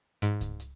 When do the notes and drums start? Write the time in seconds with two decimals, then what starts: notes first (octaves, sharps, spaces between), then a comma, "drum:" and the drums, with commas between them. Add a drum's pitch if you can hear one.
0.22 G#2, drum: hi-hat
0.41 drum: kick C#2, hi-hat
0.60 drum: hi-hat